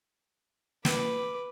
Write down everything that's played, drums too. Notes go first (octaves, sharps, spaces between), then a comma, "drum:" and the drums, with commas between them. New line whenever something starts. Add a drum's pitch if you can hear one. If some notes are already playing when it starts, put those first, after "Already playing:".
B4 D6, drum: snare